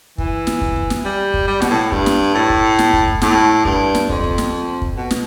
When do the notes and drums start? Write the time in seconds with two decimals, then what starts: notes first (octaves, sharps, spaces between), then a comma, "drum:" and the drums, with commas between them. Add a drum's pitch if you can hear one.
0.18 E3, drum: kick
0.47 drum: snare
0.61 drum: kick
0.76 drum: kick
0.90 drum: snare
1.05 G3
1.34 drum: kick
1.48 G3
1.62 B2, drum: snare
1.70 A2
1.92 G2, drum: kick
2.06 drum: snare
2.35 A2
2.50 drum: kick
2.79 drum: snare
2.93 drum: kick
3.08 drum: kick
3.22 A2, drum: snare
3.65 G2, drum: kick
3.95 drum: snare
4.09 F2, drum: kick
4.24 drum: kick
4.38 drum: snare
4.82 drum: kick
4.97 B2
5.11 drum: snare